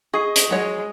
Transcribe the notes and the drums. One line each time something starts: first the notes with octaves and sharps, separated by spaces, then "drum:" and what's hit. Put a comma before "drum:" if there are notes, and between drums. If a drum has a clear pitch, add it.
G#4 D#5 C#6 C7
drum: hi-hat
F#3 G#3 C#5